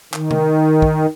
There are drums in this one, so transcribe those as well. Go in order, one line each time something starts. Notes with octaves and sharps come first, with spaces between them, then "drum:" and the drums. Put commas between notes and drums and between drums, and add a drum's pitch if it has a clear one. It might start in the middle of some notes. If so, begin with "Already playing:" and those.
D#3, drum: clap
drum: tom C3
drum: kick